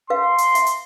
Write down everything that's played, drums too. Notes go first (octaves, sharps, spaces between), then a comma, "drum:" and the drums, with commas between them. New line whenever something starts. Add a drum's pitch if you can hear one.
B4 F5 C6
drum: hi-hat
E5, drum: hi-hat
drum: hi-hat